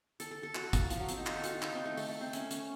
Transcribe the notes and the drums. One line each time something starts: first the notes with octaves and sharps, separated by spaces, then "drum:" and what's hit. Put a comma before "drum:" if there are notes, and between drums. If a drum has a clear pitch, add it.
A4, drum: hi-hat
A4
A4
F#4, drum: clap
A4
F4, drum: kick, hi-hat
F3, drum: hi-hat
F#3
C4, drum: hi-hat
D#4
F4, drum: clap
A4
F#4, drum: hi-hat
F4
D#4, drum: clap
C4
A3
A3, drum: open hi-hat
A3
C4
C#4, drum: hi-hat
C#4, drum: hi-hat